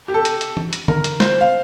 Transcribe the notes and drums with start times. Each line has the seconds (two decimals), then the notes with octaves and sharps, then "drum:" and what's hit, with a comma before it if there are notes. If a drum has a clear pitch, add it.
0.08 G4
0.14 A4
0.25 drum: hi-hat
0.41 drum: hi-hat
0.57 drum: tom E3
0.73 drum: hi-hat
0.88 A#4, drum: tom D3
1.04 drum: hi-hat
1.20 C5, drum: snare
1.41 F5